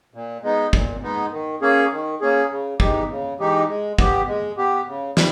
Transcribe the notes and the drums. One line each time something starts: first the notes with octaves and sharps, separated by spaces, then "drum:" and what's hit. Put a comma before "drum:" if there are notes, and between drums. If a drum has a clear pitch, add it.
A#2
G#3 B3 D#4
A#2, drum: kick
G#3 B3 D#4
D#3
A#3 C#4 G#4
D#3
A#3 C#4 G#4
C#3
E3 G#3 D#4 G4, drum: kick
C#3
E3 G#3 D#4 G4
G#3
B3 G4, drum: kick
G#3
B3 G4
C#3
G3, drum: snare